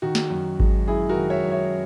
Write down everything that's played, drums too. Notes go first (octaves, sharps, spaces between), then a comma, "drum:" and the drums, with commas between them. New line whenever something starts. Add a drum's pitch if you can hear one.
D#3 F#4
drum: snare
F#2
G#3, drum: kick G#1
F#2 E4 G#4
F#4 A#4
D#3
C#5 E5
F#2
C#5 E5